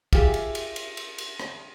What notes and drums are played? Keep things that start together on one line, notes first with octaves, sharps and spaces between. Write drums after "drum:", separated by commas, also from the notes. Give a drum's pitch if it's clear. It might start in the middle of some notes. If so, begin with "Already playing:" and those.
F4 G4 G#4 E5, drum: kick, cymbal
drum: cymbal
drum: cymbal
drum: cymbal
drum: cymbal
drum: cymbal
drum: rim click